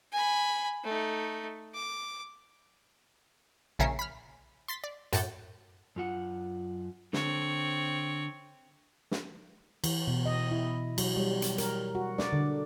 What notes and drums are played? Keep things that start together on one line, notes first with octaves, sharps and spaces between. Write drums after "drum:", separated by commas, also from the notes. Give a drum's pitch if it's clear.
G#5 B5
A3 D#4
D6
A#1 C#3 C#4 A#4 E5 C7
B5 F6
C6 A6 B6
D5
F#2 A2 F#5 A5 G6, drum: hi-hat
F#2 F4 F#5
D3 C4 C#5, drum: snare
drum: snare
E3, drum: cymbal
B2
D#5
E4
F#3, drum: cymbal
G3
drum: hi-hat
A#4, drum: hi-hat
F#4
D5, drum: snare
D3